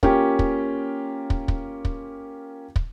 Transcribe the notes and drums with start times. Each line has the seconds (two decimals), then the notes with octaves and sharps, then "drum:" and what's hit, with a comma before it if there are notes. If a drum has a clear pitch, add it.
0.03 A#3 C#4 F4 G4, drum: kick
0.39 drum: kick
1.30 drum: kick
1.48 drum: kick
1.85 drum: kick
2.76 drum: kick